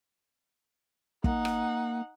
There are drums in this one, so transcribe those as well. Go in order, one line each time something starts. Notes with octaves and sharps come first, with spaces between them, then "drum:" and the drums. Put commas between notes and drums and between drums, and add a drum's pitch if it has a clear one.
A#3 D#4 F#5, drum: kick
drum: rim click